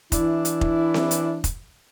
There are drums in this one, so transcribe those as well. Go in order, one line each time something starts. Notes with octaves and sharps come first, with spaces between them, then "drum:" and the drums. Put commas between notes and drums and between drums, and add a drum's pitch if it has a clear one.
E3 D4 E4, drum: kick F1, hi-hat
drum: hi-hat
drum: kick F1
drum: snare C4
drum: hi-hat
drum: kick F1, hi-hat